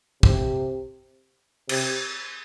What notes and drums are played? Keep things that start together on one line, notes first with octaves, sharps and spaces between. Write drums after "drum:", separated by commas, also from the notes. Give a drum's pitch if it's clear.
C3, drum: kick
C3, drum: cymbal